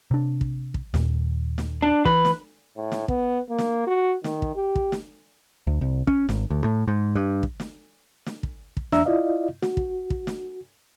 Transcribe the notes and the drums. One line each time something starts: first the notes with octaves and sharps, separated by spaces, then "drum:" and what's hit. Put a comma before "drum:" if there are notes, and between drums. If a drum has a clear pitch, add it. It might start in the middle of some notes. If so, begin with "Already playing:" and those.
C3 D4
drum: kick
drum: kick
D#2 A#2, drum: snare
drum: snare
D4
E3 B4, drum: kick
drum: snare
A2
drum: snare
B3, drum: kick
A#3
drum: snare
F#4
D#3, drum: snare
drum: kick
G4
drum: kick
drum: snare
D2
C2
C#4, drum: kick
G#1, drum: snare
D2
A2
G#2
G2
drum: kick
drum: snare
drum: snare
drum: kick
drum: kick
E2 D4 E5 A#5 E6, drum: snare
E4 F4 D5 D#5 F5
F#4, drum: snare
drum: kick
drum: kick
drum: snare